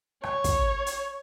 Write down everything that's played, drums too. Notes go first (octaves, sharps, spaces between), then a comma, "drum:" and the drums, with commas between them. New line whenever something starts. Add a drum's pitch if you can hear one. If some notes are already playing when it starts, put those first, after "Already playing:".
C#5, drum: rim click
drum: kick, hi-hat
drum: hi-hat